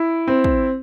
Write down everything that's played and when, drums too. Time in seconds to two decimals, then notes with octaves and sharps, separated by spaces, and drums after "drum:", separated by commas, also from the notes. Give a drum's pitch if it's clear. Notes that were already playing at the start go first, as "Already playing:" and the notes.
Already playing: E4
0.27 C4
0.44 drum: kick